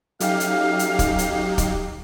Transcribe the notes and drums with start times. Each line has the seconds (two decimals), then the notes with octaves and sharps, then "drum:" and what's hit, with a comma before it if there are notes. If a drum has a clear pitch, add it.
0.20 F#3 A3 C#4 D#4 G4 F5, drum: hi-hat
0.40 drum: hi-hat
0.79 drum: hi-hat
0.99 drum: kick, hi-hat
1.19 drum: hi-hat
1.58 drum: kick, hi-hat